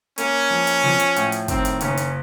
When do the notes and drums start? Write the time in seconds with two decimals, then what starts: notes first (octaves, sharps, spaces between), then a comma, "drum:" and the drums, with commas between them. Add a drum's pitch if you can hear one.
0.18 A#3 C#4, drum: hi-hat
0.51 F3
0.67 drum: hi-hat
0.84 F3, drum: snare
1.00 drum: hi-hat
1.16 A2, drum: hi-hat
1.32 drum: hi-hat
1.48 D#3 C4, drum: kick, hi-hat
1.65 drum: hi-hat
1.81 F#1 C#4, drum: hi-hat
1.97 drum: hi-hat